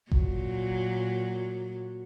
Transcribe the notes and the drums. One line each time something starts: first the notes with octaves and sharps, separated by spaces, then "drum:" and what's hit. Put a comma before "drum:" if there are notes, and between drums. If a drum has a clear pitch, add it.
A#2 F#3, drum: kick F#1